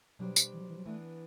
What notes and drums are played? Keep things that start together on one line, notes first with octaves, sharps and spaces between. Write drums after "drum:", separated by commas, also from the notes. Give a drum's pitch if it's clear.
B2 F#3 G3 D4 G4 C5
drum: tambourine
E3
F#3
E3
F#3
E3 A3 B3 D4